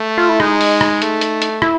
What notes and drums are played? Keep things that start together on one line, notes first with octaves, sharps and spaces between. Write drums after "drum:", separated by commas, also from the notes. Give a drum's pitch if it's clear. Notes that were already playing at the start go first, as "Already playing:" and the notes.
Already playing: A3
F4
E4
G#3 D#4, drum: rim click
drum: open hi-hat
drum: rim click
A3, drum: hi-hat
drum: hi-hat
drum: hi-hat
E4, drum: rim click